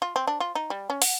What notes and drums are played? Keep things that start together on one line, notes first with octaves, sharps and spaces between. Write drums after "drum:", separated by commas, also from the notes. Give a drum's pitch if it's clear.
F4
C4
D4
F4
D#4
G3
C#4
F#5, drum: open hi-hat